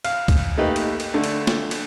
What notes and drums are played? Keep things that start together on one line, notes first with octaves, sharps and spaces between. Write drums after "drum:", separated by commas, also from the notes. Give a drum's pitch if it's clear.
F5, drum: cymbal
drum: kick, cymbal
A3 A#3 D#4 G4 B4
drum: cymbal
drum: cymbal
D3 A3 D4
drum: cymbal
drum: snare
drum: cymbal